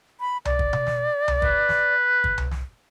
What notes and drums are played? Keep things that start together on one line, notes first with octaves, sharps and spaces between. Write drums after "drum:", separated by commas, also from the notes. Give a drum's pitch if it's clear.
B5
D5, drum: tom C2
drum: kick
drum: tom B2
drum: snare
drum: tom C2
B4, drum: kick
drum: snare
drum: kick
drum: tom C2
drum: snare